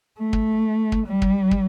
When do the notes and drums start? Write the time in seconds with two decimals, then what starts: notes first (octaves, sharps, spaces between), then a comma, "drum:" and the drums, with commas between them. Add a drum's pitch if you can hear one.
0.18 A3
0.33 drum: kick
0.92 drum: kick
1.06 G3
1.22 drum: kick
1.51 drum: kick